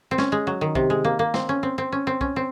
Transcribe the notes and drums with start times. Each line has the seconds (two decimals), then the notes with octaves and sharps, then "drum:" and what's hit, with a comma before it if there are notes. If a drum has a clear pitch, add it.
0.11 C4
0.18 C#4, drum: snare
0.32 G#3
0.47 F#3
0.61 D#3
0.75 C3, drum: kick
0.90 G#3
1.04 A#3
1.19 A#3
1.34 C4, drum: snare
1.49 C#4
1.63 C4
1.78 C4
1.92 C#4
2.07 C4
2.21 C#4, drum: kick
2.36 C4